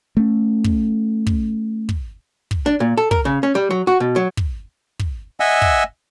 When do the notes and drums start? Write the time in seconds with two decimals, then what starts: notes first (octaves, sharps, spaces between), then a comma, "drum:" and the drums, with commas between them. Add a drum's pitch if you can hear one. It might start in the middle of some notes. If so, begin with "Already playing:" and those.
0.17 A3 C#4
0.64 drum: kick
1.27 drum: kick
1.89 drum: kick
2.51 drum: kick
2.66 D4
2.80 A#2
2.97 A4
3.11 A#4, drum: kick
3.25 C#3
3.43 C#4
3.55 G3
3.71 F#3
3.87 F#4
4.00 B2
4.16 F#3
4.37 drum: kick
4.99 drum: kick
5.40 D#5 E5 F#5 G#5 E6
5.62 drum: kick